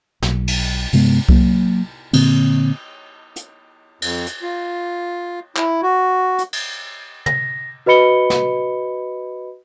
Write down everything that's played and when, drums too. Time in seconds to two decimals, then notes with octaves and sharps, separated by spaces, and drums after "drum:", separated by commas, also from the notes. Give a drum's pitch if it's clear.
0.22 B1, drum: snare
0.48 drum: cymbal
0.93 G2 C3 G#3 B3, drum: open hi-hat
1.29 F#3 A#3, drum: kick C2
2.13 A#2 D3 A#3 C4, drum: cymbal
3.36 drum: hi-hat
4.02 F2, drum: cymbal
4.27 drum: hi-hat
4.42 F4
5.56 E4, drum: clap
5.83 F#4
6.39 drum: hi-hat
6.53 drum: cymbal
7.26 A#6, drum: tom
7.86 F#4 B4 D#5 B5 C#7 G7
8.30 drum: snare